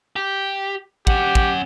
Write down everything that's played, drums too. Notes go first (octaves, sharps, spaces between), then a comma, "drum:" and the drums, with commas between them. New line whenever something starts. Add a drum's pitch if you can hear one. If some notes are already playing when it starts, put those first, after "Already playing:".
G4
C#4 G4 F#5, drum: kick
drum: kick